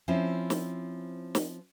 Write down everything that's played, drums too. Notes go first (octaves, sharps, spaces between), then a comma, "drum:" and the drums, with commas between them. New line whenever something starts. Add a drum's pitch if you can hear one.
F3 C4 C#4 E4
drum: snare
drum: snare